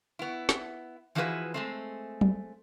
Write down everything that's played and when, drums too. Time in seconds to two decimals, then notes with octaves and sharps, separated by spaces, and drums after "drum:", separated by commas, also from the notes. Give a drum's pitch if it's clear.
0.19 B3 E4
0.49 drum: snare
1.15 E3 F3 E4 F#4 G#4 B4
1.54 G#3 A3 C4
2.21 drum: tom